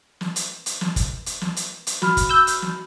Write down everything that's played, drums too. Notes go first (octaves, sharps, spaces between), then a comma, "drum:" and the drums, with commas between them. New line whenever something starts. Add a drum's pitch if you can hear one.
drum: snare
drum: hi-hat
drum: hi-hat
drum: snare
drum: kick, hi-hat
drum: hi-hat
drum: snare
drum: hi-hat
drum: hi-hat
F#4 B5 F6, drum: snare
drum: kick, hi-hat
E6 G6
drum: hi-hat
drum: snare